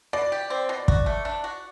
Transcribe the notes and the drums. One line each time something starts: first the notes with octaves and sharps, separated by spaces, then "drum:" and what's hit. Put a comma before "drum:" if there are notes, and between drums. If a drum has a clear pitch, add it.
B2 D5
G4
C4
B2
F#4, drum: kick
A3
D4
F#4